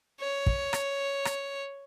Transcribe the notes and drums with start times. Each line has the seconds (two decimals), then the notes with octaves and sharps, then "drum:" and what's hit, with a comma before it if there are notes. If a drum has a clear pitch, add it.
0.20 C#5
0.46 drum: kick
0.73 drum: rim click
1.25 drum: rim click